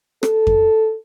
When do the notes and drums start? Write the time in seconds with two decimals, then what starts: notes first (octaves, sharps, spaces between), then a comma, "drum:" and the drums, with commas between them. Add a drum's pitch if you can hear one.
0.23 A4, drum: rim click
0.47 drum: kick F2